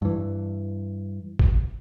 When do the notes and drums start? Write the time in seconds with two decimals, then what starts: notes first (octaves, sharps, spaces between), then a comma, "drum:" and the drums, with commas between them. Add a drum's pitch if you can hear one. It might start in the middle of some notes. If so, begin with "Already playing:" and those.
0.02 G2 E3
1.39 drum: kick